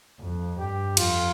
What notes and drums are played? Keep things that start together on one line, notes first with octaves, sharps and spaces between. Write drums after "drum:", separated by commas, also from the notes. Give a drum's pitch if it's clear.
F2
G2 G4
F2 F4, drum: cymbal